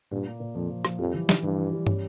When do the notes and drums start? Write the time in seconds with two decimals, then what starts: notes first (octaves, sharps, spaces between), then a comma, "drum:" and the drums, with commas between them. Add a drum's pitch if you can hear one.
0.11 G2 A#2
0.27 A#3
0.40 A#2
0.55 F2 F3
0.69 F3
0.85 F3, drum: rim click
0.99 F2 G3
1.14 E3
1.29 E3, drum: snare
1.43 G2 E3
1.58 E3
1.73 G3
1.87 C#4, drum: tom